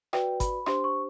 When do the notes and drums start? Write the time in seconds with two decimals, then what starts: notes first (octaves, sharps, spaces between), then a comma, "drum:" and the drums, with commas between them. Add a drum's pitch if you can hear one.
0.13 F#4 B4 D5 G5, drum: rim click
0.40 B5, drum: kick G1, hi-hat
0.66 D4 G4 C5 C6, drum: rim click
0.84 C#6